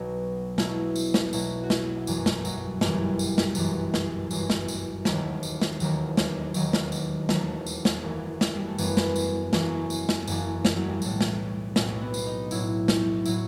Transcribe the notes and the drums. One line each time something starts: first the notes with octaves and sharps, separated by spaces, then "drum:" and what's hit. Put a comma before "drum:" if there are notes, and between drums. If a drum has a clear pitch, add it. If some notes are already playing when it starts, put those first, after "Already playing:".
Already playing: B1 B2 F#3 F#4
B1 B2 F#3 E4, drum: snare
drum: tambourine
drum: snare
B1 B2 F#3 E4, drum: tambourine
F#4
E4, drum: snare
G1 F#2 E3, drum: tambourine
drum: snare
F#3, drum: tambourine
G1 F#2 E3 G3, drum: snare
drum: tambourine
drum: snare
G1 F#2 E3, drum: tambourine
drum: snare
G1 F#2 E3, drum: tambourine
drum: snare
drum: tambourine
E1 D#2 D#3 F#3, drum: snare
drum: tambourine
drum: snare
E1 D#2 D#3 F#3, drum: tambourine
drum: snare
E1 D#2 D#3 F#3, drum: tambourine
drum: snare
drum: tambourine
E1 D#2 D#3 F#3 A3, drum: snare
drum: tambourine
drum: snare
F#1 F#2 E3
drum: snare
G3
A3
F#1 F#2 E3 B3, drum: tambourine
drum: snare
drum: tambourine
F#1 F#2 E3, drum: snare
drum: tambourine
drum: snare
F#1 F#2 E3, drum: tambourine
drum: snare
F#3
G3
B1 A2 F#3 A3, drum: tambourine
drum: snare
B1 A2 F#3 C4, drum: snare
B3
drum: tambourine
D#4
B1 A2 F#3 E4, drum: tambourine
drum: snare
A2 F#3 E4, drum: tambourine